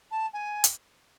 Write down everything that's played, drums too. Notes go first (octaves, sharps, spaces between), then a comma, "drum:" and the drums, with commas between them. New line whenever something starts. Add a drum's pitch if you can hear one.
A5
G#5
drum: hi-hat